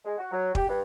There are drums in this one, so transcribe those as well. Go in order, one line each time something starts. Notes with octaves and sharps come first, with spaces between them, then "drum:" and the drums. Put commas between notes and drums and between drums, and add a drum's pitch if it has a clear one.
G#3
F#4
F#3
G4, drum: kick
G2